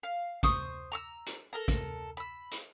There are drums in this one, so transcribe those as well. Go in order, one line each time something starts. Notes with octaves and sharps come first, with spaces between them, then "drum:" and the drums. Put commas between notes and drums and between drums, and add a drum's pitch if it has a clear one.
F5
C5 C#6 D#6, drum: kick, hi-hat
A#5 C#6 E6
drum: hi-hat
A4 A#4 A#5
drum: kick, hi-hat
B5 E6
drum: hi-hat